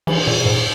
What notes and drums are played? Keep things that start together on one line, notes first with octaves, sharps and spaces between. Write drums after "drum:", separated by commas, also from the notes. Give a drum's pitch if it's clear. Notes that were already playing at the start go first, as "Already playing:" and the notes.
E3, drum: cymbal
A#2
G#2